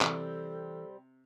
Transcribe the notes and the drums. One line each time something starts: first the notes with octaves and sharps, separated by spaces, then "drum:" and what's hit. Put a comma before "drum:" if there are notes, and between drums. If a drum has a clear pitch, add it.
C3 E3 G3 C4 A4, drum: clap